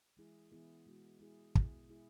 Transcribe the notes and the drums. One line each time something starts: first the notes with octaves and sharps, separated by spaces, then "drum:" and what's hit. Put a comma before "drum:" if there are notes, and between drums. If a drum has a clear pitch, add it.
E3 G#3 E4 G#4
E3 B3 E4 G#4
B2 G#3 B3 F#4
G#3 E4 G#4
B2 B3 E4 G#4, drum: kick
G#3 E4 G#4